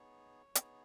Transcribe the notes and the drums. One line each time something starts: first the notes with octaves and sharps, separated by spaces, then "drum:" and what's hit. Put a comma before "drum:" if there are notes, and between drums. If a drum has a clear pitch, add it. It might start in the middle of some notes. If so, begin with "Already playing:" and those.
Already playing: B3 D#4 G#4 C#5
B3 D#4 G#4, drum: hi-hat